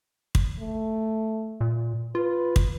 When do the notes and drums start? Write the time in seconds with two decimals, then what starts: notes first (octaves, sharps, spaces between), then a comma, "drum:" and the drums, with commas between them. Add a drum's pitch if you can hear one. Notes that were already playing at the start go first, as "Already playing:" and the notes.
0.35 drum: kick
0.59 A3
1.61 A#2
2.15 F4 B4
2.56 drum: kick